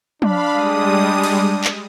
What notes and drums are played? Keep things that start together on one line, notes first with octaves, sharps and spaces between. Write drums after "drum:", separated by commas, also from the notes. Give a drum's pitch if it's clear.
D4 F5 B5, drum: tom
G3 G#3 D#6
drum: cymbal
drum: clap